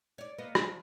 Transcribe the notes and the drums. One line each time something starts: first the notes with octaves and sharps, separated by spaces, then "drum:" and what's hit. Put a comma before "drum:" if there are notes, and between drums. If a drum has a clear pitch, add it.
C#5 D5
A#3 B3 D#5
F3, drum: rim click